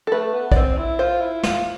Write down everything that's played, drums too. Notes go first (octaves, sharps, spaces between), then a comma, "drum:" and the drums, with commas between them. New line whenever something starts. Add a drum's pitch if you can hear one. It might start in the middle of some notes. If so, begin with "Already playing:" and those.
A4
A3 B4
B3
D5, drum: kick
C4 C5
E4
F4 C5
E4
F4, drum: snare